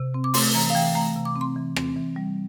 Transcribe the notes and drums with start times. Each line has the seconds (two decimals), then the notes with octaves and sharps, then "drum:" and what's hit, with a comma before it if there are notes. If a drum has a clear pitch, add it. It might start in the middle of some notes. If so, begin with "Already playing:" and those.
Already playing: C3
0.14 C4
0.24 D6
0.34 A3 C6, drum: open hi-hat
0.54 E3 A#5
0.70 F5
0.75 E3 G5
0.95 A3 A#5
1.16 C3
1.25 D6
1.36 C4
1.41 C6
1.56 E3
1.76 C4, drum: rim click
1.96 E3
2.16 G3